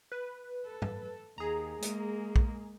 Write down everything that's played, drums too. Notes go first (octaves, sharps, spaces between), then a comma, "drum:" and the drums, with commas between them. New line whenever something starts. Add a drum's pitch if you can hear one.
B4
A4
drum: tom
D#2 G#4 A#5
G#3 A#3, drum: hi-hat
drum: kick A#1